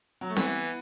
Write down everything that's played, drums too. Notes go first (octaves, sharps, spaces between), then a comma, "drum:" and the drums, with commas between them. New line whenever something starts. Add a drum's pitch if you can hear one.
F#3
A3
E3 B3, drum: snare C4